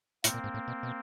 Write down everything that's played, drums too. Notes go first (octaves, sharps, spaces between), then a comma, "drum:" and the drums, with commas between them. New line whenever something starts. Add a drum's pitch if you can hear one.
A2 A#3 C4, drum: hi-hat
A#2
G#2
A2
B2
B2